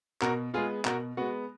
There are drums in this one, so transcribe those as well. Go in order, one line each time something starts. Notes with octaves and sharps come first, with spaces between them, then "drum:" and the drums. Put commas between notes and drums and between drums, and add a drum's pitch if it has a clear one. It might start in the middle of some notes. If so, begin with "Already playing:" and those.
B2 F#4 A#4, drum: clap
G#3 B3 F4 G#4
B2 F#4 A#4, drum: clap
G#3 B3 F#4